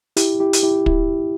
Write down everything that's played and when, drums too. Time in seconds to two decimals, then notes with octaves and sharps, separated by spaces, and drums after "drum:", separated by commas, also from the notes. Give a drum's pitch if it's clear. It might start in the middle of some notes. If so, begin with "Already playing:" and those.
0.17 E4 G4, drum: hi-hat
0.40 E4 G4
0.53 drum: hi-hat
0.63 E4 G4
0.86 E4, drum: kick